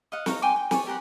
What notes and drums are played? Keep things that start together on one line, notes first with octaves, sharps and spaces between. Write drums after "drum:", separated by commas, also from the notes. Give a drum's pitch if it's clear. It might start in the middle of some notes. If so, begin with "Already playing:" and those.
D#5 F5 F#5
D#4 C#5 F5 A#5, drum: snare
G5 G#5 C6 D6
G5
C#5 D5 G#5, drum: snare
G4 A#4 F#5 C6